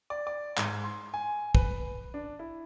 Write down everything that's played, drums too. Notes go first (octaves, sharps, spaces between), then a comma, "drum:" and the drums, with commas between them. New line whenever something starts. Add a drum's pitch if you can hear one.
D5
D5
G#2, drum: clap
C6
G#5
B4, drum: kick
D4
E4